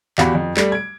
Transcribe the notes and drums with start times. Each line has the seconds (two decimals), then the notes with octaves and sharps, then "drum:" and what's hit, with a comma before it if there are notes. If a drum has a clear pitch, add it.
0.18 E2 F#4 G4 F5 B5, drum: clap
0.35 F2
0.57 G3 A3, drum: clap
0.72 G#6 D7